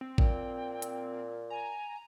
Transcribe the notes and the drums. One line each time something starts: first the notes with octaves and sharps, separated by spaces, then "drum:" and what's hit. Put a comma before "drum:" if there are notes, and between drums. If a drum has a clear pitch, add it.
C4
A#2 G5, drum: kick A1
drum: hi-hat
G#5 A#5